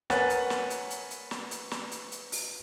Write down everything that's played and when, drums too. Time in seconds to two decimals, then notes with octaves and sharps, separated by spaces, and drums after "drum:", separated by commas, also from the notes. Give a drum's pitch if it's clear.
0.10 A#4 B4 C#5 F#5 G#5 A6, drum: snare
0.30 drum: hi-hat
0.50 drum: snare
0.70 drum: hi-hat
0.91 drum: hi-hat
1.11 drum: hi-hat
1.31 drum: snare
1.51 drum: hi-hat
1.71 drum: snare
1.92 drum: hi-hat
2.12 drum: hi-hat
2.32 drum: open hi-hat